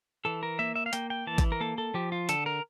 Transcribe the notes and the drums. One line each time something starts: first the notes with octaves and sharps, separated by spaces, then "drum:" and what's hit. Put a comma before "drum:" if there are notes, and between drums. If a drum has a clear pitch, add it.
E3 A4
A#4
A#3 E5
E5
F5
A#3 G5, drum: hi-hat
G5
E3 A5
drum: kick G#1, hi-hat
A#4
A#3 A4
A4
F3 G4
F4
D3 A4, drum: hi-hat
A#4